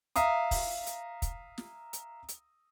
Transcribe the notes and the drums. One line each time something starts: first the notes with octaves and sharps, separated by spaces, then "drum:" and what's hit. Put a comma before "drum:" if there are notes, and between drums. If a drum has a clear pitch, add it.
E5 F5 A#5 D#6, drum: hi-hat
drum: kick, open hi-hat
drum: hi-hat
drum: kick, hi-hat
drum: snare
drum: hi-hat
drum: hi-hat